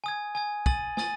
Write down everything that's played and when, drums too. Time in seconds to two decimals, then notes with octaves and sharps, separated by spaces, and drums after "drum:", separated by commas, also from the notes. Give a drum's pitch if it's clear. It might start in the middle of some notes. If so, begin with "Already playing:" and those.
0.04 G#5 D#6 G#6
0.35 G#5 D#6 G#6
0.66 G#5 D#6 A6 D#7 F#7, drum: kick
0.97 G#5 D#6 A6 D#7 F#7, drum: snare